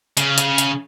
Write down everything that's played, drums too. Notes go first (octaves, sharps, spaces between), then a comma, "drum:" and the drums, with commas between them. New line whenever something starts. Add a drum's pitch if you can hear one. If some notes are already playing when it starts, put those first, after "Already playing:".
C#3, drum: hi-hat
drum: hi-hat
drum: hi-hat